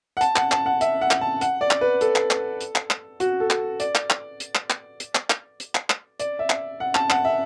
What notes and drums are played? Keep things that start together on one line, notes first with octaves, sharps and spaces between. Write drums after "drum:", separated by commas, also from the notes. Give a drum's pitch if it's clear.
F#5
A5, drum: hi-hat
F#5, drum: clap
A5, drum: clap
F#5
E5, drum: hi-hat
F#5
drum: clap
A5
F#5, drum: hi-hat
D5
drum: clap
B4
A4, drum: hi-hat
drum: clap
drum: clap
drum: hi-hat
drum: clap
drum: clap
F#4, drum: hi-hat
A4
drum: clap
D5, drum: hi-hat
drum: clap
drum: clap
drum: hi-hat
drum: clap
drum: clap
drum: hi-hat
drum: clap
drum: clap
drum: hi-hat
drum: clap
drum: clap
D5, drum: hi-hat
E5
drum: clap
F#5
A5, drum: clap
F#5, drum: clap
E5